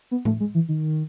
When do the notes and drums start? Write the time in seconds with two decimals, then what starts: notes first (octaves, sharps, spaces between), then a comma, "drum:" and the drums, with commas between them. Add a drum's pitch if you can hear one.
0.11 B3
0.25 A3, drum: tom A2
0.40 G#3
0.55 E3
0.69 D#3